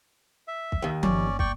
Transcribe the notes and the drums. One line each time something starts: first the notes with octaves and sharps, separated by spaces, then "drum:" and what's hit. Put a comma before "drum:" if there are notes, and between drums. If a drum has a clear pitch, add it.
E5
drum: kick
D#2 D#3
G1 A#3 C#4 D5, drum: tom F3
D5 G5 C#6, drum: kick